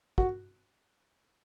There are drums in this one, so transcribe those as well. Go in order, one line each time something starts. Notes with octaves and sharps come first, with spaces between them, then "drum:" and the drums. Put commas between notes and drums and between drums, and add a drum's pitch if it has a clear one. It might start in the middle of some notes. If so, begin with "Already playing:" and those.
F#4, drum: kick